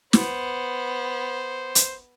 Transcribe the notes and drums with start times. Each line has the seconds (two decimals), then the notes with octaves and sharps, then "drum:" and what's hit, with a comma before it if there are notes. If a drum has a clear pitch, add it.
0.13 B3 C5, drum: snare
1.75 drum: hi-hat